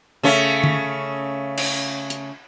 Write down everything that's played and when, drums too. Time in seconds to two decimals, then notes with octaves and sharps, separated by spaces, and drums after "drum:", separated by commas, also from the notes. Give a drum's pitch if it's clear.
0.23 C#3 A3 C#5
0.64 drum: tom D3
1.57 drum: cymbal
2.10 drum: hi-hat